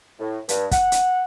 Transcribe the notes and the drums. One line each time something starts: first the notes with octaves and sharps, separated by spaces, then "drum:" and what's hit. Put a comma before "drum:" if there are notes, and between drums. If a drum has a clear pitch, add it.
A2
G2, drum: hi-hat
F#5, drum: kick, hi-hat
drum: hi-hat